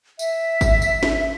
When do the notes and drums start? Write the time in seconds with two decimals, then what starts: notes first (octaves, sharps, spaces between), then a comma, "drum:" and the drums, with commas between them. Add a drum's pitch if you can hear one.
0.19 E5, drum: tambourine
0.61 drum: kick G#1, tambourine
0.82 drum: tambourine
1.03 drum: snare